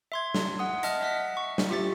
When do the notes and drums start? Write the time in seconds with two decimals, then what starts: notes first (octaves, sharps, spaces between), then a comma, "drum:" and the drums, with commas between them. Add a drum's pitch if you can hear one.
0.12 E5 C6 G#6
0.34 drum: snare
0.59 F#5 D#6
0.83 D#5 E5 A5 F6, drum: hi-hat
1.01 E5 F#5 B6
1.37 C#6
1.58 drum: snare
1.70 F4 G4 E5 A6